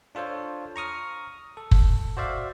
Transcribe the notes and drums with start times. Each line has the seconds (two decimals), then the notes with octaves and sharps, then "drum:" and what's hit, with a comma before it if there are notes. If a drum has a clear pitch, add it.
0.15 D4 F4 A4 C5 C#5
0.76 A#5 C#6 D#6 F6
1.57 A4
1.71 drum: kick
2.17 F#4 C5 D5 E5 F5